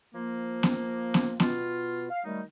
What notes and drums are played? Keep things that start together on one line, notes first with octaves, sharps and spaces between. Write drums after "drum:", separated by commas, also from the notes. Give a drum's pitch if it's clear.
F3 A#3
drum: snare B3
drum: snare B3
B2 F4, drum: snare B3
F5
D#3 F#3 G3 A3 D#4